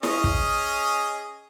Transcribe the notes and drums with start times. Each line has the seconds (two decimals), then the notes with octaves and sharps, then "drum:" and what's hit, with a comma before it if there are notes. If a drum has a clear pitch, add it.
0.03 C#4 G#4 D#5, drum: snare E4
0.24 drum: kick